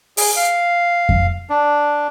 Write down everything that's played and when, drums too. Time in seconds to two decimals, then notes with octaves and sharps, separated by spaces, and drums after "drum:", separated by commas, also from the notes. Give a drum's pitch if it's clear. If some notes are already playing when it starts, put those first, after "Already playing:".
0.17 G#4, drum: open hi-hat
0.36 F5
1.09 drum: kick F2
1.50 D4